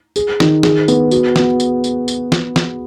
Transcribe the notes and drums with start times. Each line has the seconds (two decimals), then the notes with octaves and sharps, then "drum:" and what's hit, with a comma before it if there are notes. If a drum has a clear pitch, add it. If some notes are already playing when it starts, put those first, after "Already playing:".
0.16 G#4, drum: tambourine
0.40 D#3, drum: snare
0.63 G#4, drum: snare
0.88 B3, drum: tambourine
1.11 F#4, drum: tambourine
1.36 B3, drum: snare
1.60 drum: tambourine
1.84 drum: tambourine
2.08 drum: tambourine
2.32 drum: snare
2.56 drum: snare